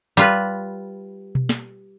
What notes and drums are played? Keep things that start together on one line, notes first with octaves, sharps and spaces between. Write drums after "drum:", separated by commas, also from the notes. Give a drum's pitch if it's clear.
G3 F4 B4
drum: tom B2
drum: snare